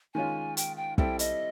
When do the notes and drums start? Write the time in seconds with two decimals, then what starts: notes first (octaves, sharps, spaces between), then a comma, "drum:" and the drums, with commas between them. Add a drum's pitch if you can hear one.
0.14 D#3 G#3 C#4 F4 G#5
0.57 G5, drum: hi-hat
0.77 G5
0.98 G3 C4 E4 A4 G5, drum: kick
1.19 D#5, drum: hi-hat